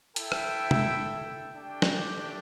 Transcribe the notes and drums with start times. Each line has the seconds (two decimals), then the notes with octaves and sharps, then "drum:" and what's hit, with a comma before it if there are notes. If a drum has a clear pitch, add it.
0.16 E4 A4 E5 G5, drum: hi-hat
0.32 drum: rim click
0.71 drum: tom
1.56 A3 D4 G4 D5 G5
1.82 drum: snare